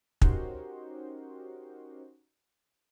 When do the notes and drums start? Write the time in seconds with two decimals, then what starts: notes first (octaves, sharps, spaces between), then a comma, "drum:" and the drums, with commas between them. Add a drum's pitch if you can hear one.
0.22 C#4 D#4 F#4 G4 A#4 C5, drum: kick